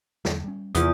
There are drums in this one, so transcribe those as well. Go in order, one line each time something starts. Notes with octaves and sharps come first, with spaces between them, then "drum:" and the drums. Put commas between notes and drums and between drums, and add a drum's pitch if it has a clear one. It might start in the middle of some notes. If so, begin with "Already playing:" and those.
E2 D3 F#3, drum: snare
G3 G#3 C#4
E2 C3 F3 A#3 F4 D#6, drum: hi-hat